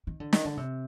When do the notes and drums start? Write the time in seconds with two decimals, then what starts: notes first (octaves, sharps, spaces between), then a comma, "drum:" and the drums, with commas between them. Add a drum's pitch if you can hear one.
0.07 D#3
0.20 D3
0.33 D#3, drum: snare
0.45 D3
0.57 C3